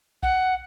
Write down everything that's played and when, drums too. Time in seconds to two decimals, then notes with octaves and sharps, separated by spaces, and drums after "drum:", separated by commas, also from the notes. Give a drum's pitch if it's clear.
0.23 F#5, drum: kick